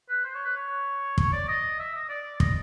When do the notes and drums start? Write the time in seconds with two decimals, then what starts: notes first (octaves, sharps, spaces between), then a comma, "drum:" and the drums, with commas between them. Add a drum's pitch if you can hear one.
0.09 B4
0.24 C5
0.35 C#5
0.45 B4
0.55 C#5
1.18 C#5, drum: kick
1.32 D5
1.48 D#5
1.79 E5
1.94 D#5
2.09 D5
2.40 D#5, drum: kick